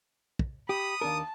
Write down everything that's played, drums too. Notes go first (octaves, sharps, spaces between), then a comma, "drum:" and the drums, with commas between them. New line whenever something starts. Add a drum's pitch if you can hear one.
drum: kick
G4 B5 D#6
D#2 D4 A#4 A5